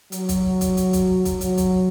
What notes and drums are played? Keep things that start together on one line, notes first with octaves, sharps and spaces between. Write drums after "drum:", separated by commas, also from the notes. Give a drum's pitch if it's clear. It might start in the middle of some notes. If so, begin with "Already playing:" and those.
F#3, drum: hi-hat
drum: kick, hi-hat
drum: kick, hi-hat
drum: hi-hat
drum: kick, hi-hat
drum: kick, hi-hat
F#3, drum: hi-hat
drum: kick, hi-hat